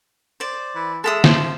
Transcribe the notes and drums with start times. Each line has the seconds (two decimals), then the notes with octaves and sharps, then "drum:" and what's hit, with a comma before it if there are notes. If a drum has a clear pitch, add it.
0.40 C5 D5
0.75 E3
1.04 G#3 A4 E5 D#6
1.24 F3, drum: snare